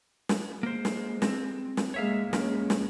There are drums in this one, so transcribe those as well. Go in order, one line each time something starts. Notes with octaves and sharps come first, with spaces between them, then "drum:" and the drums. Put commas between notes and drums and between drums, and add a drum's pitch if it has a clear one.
drum: snare
G#3 A#3 C5
drum: snare
C4, drum: snare
drum: snare
G#3 A#3 C#5 E5 F5
G#3 A#3 C#4, drum: snare
drum: snare